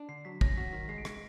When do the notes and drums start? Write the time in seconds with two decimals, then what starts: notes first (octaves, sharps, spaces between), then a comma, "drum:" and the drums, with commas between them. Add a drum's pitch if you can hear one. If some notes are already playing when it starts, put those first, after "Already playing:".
Already playing: D4
0.09 D3 C7
0.25 F#3 B6
0.41 C#4 A#6, drum: kick
0.57 F#4 B6
0.69 A#6
0.73 D#3 B6
0.89 G#3 C7
0.98 D7
1.05 G#3 C#7, drum: rim click